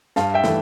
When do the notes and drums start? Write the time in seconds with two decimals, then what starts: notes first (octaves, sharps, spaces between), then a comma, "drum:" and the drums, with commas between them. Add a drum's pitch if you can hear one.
0.16 G2 F5 A5, drum: snare
0.34 E5 G5
0.44 E3 A3, drum: snare